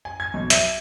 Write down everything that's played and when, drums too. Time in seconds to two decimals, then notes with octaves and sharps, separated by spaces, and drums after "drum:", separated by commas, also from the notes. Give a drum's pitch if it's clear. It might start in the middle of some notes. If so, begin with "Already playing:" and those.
0.05 G#5
0.20 G#6
0.34 B1
0.50 E5, drum: hi-hat